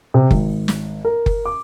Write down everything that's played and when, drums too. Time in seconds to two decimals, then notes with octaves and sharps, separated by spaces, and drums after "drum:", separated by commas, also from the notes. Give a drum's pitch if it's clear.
0.14 C3
0.31 G#1, drum: kick F#1
0.68 drum: snare
1.05 A#4
1.26 drum: kick F#1
1.45 D6